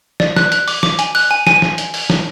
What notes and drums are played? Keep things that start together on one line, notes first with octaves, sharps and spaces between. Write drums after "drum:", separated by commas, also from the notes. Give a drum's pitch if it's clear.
D5, drum: snare
F#6, drum: snare
F#6, drum: hi-hat
D6, drum: open hi-hat
D6, drum: snare
G#5, drum: hi-hat
F#6, drum: open hi-hat
G#5
G#5, drum: snare
drum: snare
drum: hi-hat
drum: open hi-hat
drum: snare